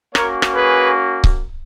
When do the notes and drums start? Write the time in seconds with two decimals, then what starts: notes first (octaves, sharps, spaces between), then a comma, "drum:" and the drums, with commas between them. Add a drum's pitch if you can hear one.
0.15 A#3 C#4 F#4 A#4 C#5, drum: rim click
0.42 drum: rim click
0.56 G#4 B4
1.24 drum: kick C#1